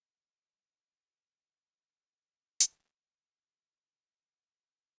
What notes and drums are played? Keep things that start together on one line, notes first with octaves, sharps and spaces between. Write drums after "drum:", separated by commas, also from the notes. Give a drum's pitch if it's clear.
F#3
G3
D7
F#4
F5
A#5
drum: hi-hat
F3 B3 F4